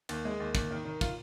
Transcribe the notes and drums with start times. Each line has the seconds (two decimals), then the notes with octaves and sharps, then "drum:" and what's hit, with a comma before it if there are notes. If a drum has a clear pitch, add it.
0.09 D#2, drum: cymbal
0.25 G#3
0.40 D#2
0.55 D#2, drum: kick, cymbal
0.71 D#3
0.85 D#3
1.01 F4, drum: kick, cymbal